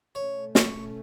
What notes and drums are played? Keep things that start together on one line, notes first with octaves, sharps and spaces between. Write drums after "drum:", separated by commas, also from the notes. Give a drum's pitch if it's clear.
B2 A3 C#4 C#5
C#5, drum: snare